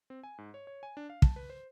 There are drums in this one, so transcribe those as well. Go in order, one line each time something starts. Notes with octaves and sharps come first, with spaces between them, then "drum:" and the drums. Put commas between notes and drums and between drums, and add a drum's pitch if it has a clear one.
C4
G#5
G#2
C#5
C#5
G#5
D4
F5
A5, drum: kick
B4
C5